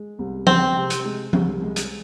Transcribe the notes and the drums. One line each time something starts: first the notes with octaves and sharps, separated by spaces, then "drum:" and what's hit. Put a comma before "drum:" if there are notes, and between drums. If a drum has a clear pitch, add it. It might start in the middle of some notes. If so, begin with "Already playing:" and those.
Already playing: G#3
C2
G#3 C4, drum: tom F3
C3
drum: hi-hat
G#3
C2, drum: tom F3
G#3
drum: hi-hat